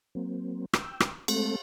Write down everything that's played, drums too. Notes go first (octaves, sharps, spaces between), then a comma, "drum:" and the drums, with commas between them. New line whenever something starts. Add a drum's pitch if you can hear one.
F#3 A#3 C4
G5 E6, drum: rim click
drum: rim click
G#3 A3 C4 A4, drum: cymbal